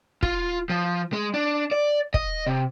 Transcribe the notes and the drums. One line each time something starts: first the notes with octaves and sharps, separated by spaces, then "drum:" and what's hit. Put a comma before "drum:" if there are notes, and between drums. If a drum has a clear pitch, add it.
F4, drum: kick
F3
G#3
D4
D5
D#5, drum: kick
C3